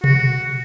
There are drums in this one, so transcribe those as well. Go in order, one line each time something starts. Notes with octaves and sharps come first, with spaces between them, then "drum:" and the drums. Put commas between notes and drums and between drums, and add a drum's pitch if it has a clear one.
F#4, drum: tom B2